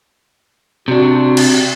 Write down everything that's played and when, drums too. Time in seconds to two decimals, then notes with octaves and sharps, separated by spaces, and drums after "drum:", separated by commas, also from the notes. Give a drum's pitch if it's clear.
0.88 C3 D4 F#4
1.37 drum: cymbal